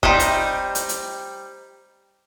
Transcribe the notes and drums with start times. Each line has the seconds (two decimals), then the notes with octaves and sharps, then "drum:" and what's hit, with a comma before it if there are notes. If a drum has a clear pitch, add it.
0.03 G3 C4 D#4 D#5, drum: kick F#1
0.20 drum: hi-hat
0.75 drum: hi-hat
0.89 drum: hi-hat